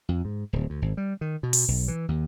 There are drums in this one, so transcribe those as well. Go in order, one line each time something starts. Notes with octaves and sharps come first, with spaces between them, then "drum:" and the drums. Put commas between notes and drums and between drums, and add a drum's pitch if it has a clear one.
F2
G#2
D1
D2
G#1
G3
D#3
B2
drum: open hi-hat
B1
E3
D#2